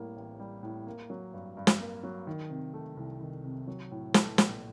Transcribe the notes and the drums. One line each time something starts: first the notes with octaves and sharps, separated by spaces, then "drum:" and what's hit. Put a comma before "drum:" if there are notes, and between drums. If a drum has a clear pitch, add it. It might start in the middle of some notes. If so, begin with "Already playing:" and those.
Already playing: A2 G3 A#3
A1
G3
A2
A#3
F#3
G2
G2
drum: snare
A#3
F#3
D#3
C3
A3
C2
D#3
C3
F#3
A2
A3, drum: snare
A#1, drum: snare